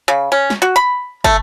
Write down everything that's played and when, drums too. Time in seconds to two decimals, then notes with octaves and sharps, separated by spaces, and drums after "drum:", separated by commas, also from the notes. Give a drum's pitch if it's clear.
0.08 C#3
0.32 C#4
0.50 drum: snare
0.62 F#4
0.76 B5
1.24 A3, drum: kick